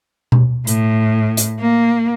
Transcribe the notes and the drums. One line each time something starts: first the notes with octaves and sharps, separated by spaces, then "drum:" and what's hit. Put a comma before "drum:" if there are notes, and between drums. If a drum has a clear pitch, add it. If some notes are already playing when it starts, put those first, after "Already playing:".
drum: tom B2
A2, drum: hi-hat
drum: hi-hat
A#3